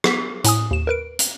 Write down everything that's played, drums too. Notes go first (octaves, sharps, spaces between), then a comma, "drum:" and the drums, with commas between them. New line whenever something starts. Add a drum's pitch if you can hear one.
B3 B6, drum: rim click
A2 G#5 D#6, drum: hi-hat
D#2 E7
A#4 B4 D7
drum: hi-hat